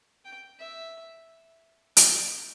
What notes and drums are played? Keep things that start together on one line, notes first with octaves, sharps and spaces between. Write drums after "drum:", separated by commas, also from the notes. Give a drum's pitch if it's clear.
G5
E5
G5, drum: hi-hat